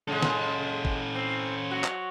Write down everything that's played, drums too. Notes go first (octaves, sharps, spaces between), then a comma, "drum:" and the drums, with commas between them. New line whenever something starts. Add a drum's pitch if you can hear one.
C#3 G#3 C#4 A4
drum: snare
drum: kick
C4
F#3 F#4
drum: clap